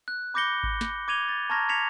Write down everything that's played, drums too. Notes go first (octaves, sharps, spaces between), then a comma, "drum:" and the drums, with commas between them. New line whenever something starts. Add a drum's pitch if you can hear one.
F#6
B5 D6 G6 A#6 C#7 G7
drum: kick G#1
drum: snare
D6 G#6 D#7 F7 G7
A6
A5 A#5 C#6 F6 G#6 A#6
G#6 A#6 B6 C#7 E7 F7